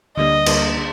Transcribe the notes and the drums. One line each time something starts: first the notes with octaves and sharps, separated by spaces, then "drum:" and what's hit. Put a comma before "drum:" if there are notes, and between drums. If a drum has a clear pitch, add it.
D2 D3 G3 A#3 D4 D#5
D2 D3 G3 A#3 D4, drum: cymbal
D3